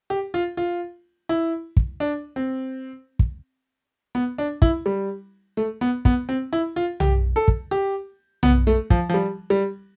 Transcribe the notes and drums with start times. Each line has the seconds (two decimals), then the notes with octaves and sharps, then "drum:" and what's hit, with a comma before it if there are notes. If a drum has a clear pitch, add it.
0.10 G4
0.34 F4
0.57 F4
1.29 E4
1.77 drum: kick
2.00 D4
2.36 C4
3.19 drum: kick
4.15 B3
4.38 D4
4.62 E4, drum: kick
4.86 G3
5.57 A3
5.81 B3
6.05 B3, drum: kick
6.29 C4
6.53 E4
6.76 F4
7.00 G4, drum: tom B1
7.36 A4
7.48 drum: kick
7.71 G4
8.43 B3, drum: tom B1
8.67 A3
8.90 F3, drum: kick
9.09 F3
9.14 G3
9.50 G3